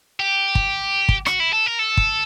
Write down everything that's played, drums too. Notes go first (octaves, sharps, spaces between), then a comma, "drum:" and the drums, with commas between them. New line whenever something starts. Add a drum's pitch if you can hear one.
G4
drum: kick
drum: kick
F#4, drum: rim click
E4
A4
A#4
A4
drum: kick